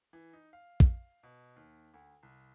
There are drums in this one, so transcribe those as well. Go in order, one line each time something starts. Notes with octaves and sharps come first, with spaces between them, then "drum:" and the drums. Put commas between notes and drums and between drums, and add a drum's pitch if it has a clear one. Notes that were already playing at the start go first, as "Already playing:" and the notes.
E3
D#4
F5
drum: kick
B2
D#2
D2
C2